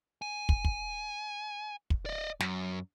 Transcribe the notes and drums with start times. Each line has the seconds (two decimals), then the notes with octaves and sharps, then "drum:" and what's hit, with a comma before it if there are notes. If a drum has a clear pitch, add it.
0.22 G#5
0.49 drum: kick
0.65 drum: kick
1.90 drum: kick
2.06 D5 D#5
2.40 F#2, drum: snare